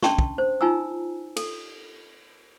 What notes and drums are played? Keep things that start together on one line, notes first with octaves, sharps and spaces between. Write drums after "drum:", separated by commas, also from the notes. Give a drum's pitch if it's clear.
C#4 D4 G5 A5 C6 C#6, drum: snare
drum: kick
C5
D#4 F4 G#5 A#5 E6
A4, drum: cymbal